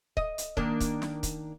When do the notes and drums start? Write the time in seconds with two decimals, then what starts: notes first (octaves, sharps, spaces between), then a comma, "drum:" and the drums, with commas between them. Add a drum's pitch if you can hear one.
0.17 D#5, drum: kick
0.38 drum: hi-hat
0.57 D#3 A#3 D4, drum: kick
0.80 drum: kick, hi-hat
1.02 drum: snare
1.23 drum: kick, hi-hat